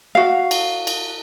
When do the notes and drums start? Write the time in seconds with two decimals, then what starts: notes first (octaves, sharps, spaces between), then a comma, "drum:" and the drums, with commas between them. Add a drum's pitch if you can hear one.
0.15 F#4 F5
0.51 drum: cymbal
0.87 drum: cymbal